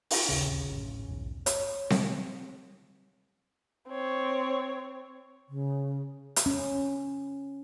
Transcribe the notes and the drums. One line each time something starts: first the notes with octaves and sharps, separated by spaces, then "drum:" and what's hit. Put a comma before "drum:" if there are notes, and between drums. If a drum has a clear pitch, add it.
drum: open hi-hat
D1 A#1 D#2 C#3 C#4
A1 F#2
B1 E2 G#2
C#5, drum: hi-hat
drum: snare C4
C4 C#5
C#3
drum: hi-hat
C#4